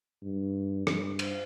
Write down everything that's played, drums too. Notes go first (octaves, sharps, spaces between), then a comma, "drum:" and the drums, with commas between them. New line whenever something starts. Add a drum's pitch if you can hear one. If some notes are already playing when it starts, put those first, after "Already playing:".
G2
G2, drum: rim click
drum: cymbal